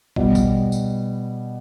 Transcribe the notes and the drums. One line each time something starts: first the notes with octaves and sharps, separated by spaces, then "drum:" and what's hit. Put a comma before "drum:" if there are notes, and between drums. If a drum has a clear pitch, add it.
B2 G3 B3, drum: kick
drum: kick, tambourine
drum: tambourine